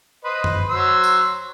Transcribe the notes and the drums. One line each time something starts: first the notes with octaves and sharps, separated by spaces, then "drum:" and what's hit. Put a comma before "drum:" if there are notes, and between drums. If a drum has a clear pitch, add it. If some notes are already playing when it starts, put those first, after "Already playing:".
B4 C5 D#5
drum: tom F#2
F#3 C5 E6
drum: tambourine